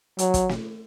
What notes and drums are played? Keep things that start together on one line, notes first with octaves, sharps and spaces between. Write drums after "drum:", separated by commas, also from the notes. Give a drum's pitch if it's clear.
F#3, drum: hi-hat
drum: kick, hi-hat
drum: snare